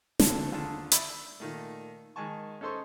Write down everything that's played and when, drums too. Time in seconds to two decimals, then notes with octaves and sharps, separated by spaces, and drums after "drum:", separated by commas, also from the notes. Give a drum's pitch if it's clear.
0.20 D2 D3 F3 F#3 A4 A5, drum: snare
0.52 D#2 D3 F4 G#4 A5
0.92 D5 E5 B5, drum: hi-hat
1.40 A#2 D#3 A3
2.16 D#3 G#3 G#5 A5 C#6
2.61 C#4 D#4 A4 C5 C6 C#6